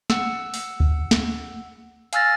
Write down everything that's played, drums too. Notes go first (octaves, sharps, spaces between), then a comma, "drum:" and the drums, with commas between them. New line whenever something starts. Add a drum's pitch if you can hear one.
F#5 E6, drum: snare
drum: open hi-hat
drum: kick D2
drum: snare
F5 G#5 E6 F6 A6 A#6, drum: hi-hat